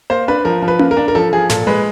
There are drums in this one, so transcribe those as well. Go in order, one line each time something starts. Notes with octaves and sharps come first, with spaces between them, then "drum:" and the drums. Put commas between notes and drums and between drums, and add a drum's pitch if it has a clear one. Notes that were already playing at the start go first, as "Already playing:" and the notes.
A#3 C5
D4 B4
F3 A#4
F3
B4
A#3, drum: tom C#4
A#4
D4
A#4
F3 A4
F3 G#4
A#2 A4, drum: snare
G#3 B4